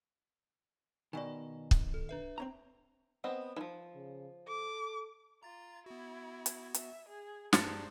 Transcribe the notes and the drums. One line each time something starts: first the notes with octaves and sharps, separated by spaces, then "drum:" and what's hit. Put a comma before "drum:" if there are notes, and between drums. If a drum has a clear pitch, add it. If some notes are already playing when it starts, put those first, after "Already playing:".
B2 D#3 D5 G#5
drum: kick
A4
D4 B4 E5
C4 C#4 A#5
B3 C4 D#5
E3 F3
C#3
A4 D6
F4 A#5 A6
B3 E4 F#4
drum: hi-hat
E5, drum: hi-hat
G#4
G2 D#4 G#4 C5 D5 A6 C#7, drum: snare